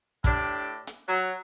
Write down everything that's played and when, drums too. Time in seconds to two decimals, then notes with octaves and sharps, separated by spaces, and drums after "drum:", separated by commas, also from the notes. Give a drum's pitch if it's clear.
0.24 A2 D4 G4, drum: kick, hi-hat
0.87 drum: hi-hat
1.08 F#3